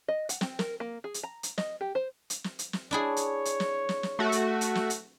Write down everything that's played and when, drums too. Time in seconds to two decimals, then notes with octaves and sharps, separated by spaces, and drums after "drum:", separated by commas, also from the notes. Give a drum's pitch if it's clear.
0.08 D#5
0.29 F#5, drum: hi-hat
0.41 C4, drum: snare
0.59 A#4, drum: snare
0.80 A#3
1.04 G#4
1.14 drum: hi-hat
1.23 A#5
1.43 drum: hi-hat
1.58 D#5, drum: snare
1.81 G4
1.95 C5
2.30 drum: hi-hat
2.44 drum: snare
2.59 drum: hi-hat
2.73 drum: snare
2.91 D4 E4 G#4 C#5
3.17 drum: hi-hat
3.45 drum: hi-hat
3.60 drum: snare
3.89 drum: snare
4.03 drum: snare
4.19 A3 F#4
4.32 drum: hi-hat
4.61 drum: hi-hat
4.75 drum: snare
4.90 drum: hi-hat